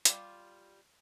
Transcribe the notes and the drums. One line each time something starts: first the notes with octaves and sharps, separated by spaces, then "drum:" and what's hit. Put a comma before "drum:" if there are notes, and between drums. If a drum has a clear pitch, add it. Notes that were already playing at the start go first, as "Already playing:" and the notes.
G3 F4, drum: hi-hat